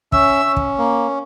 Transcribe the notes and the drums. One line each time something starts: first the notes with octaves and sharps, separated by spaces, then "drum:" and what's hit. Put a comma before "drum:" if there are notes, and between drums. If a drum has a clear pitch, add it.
C#4 E5 E6, drum: kick
C#4
drum: kick
A#3